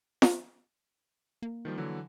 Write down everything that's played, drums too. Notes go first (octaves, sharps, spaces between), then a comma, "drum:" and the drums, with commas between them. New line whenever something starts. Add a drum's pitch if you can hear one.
drum: snare
A#3
D#3 F3 G3
D3 E3 F#3